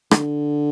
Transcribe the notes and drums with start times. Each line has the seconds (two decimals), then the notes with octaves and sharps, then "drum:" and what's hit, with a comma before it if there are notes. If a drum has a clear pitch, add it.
0.11 D3, drum: rim click